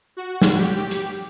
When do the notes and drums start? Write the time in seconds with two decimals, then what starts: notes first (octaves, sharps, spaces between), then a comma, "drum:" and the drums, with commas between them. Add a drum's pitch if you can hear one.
0.17 F#4
0.42 drum: snare
0.57 G4
0.91 drum: hi-hat